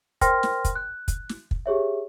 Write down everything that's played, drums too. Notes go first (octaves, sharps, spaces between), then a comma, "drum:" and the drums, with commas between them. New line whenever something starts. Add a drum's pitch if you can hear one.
A#4 C5 G5 C6 F6 A#6, drum: kick, hi-hat
drum: snare
drum: kick, hi-hat
F#6
drum: kick, hi-hat
drum: snare
drum: kick
G4 G#4 C#5 E5